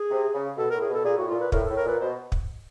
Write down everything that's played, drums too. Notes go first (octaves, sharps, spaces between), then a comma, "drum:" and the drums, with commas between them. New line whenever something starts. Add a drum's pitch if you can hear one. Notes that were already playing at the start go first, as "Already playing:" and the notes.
Already playing: G#4
C3
C#3
B2 A4
A2 A#4
G#4
B2 A4
A#2 G#4
A2 F#4
A#2 F4
B4
A2 A#4, drum: kick
A2 A4
A#4
A#2 B4
B2 C5
drum: kick